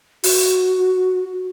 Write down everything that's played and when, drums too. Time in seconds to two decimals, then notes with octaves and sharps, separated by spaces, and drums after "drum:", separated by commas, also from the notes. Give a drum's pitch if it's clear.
0.23 F#4, drum: open hi-hat